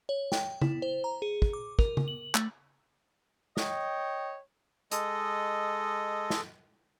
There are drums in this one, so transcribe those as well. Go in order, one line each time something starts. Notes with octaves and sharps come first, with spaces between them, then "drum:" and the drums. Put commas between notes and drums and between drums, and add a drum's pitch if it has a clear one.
C#5
G5, drum: snare
E4, drum: tom C#3
C5
A#5
G#4
drum: kick
D6
A#4, drum: kick
drum: tom C#3
F#7
A3, drum: clap
C#5 D#5 G5, drum: snare
G#3 A4 D#5, drum: hi-hat
drum: snare